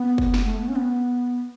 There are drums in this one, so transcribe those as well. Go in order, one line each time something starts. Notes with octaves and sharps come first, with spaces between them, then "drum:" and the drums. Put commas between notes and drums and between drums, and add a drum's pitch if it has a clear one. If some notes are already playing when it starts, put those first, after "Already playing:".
Already playing: B3
drum: kick
drum: snare
A3
B3
C#4
B3